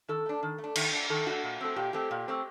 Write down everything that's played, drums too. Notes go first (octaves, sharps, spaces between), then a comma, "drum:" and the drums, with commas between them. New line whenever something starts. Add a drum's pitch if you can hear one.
D#3 A4
A3 D4
D#3
A3
D4
D#3, drum: cymbal
A3 D4
D#3 A4
A3 D4 F#4
A#2
A3 C4
A#2 G4
A3 C4 G4
A#2
A3 C4